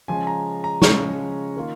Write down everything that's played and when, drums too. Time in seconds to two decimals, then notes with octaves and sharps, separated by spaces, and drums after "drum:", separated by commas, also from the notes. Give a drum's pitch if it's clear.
0.08 C#3 F3 G#3 C#4 G#5
0.27 A#5
0.64 A#5
0.82 C#3 F3 G#3 C#4 C#6, drum: snare
1.56 D#3 A#3 F4